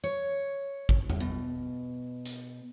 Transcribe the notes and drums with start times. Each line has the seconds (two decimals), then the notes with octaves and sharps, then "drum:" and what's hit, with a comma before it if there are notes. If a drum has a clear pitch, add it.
0.04 C#5
0.89 drum: kick G#1
1.10 drum: tom E2
1.20 B2
2.25 drum: hi-hat